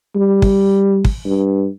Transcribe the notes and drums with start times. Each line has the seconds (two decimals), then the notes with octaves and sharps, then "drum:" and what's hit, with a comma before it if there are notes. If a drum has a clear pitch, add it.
0.15 G3
0.42 drum: kick
1.05 drum: kick
1.25 G2